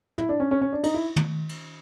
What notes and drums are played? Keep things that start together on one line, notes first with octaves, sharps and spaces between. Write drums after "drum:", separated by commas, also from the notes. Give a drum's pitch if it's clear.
E4, drum: tom
D4
C#4
C#4
C#4
D4
D#4, drum: cymbal
E4
drum: tom
drum: cymbal